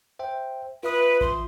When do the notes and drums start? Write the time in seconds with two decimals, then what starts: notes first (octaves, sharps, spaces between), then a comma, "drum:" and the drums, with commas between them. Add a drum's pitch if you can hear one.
0.19 C5 E5 G5
0.83 F4 B4 E5 D#6
1.21 C6, drum: kick A1